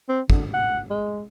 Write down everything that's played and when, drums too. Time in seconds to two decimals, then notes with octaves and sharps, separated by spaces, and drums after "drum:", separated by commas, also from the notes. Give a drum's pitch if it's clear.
0.09 C4
0.30 D3, drum: kick
0.54 F#5
0.90 G#3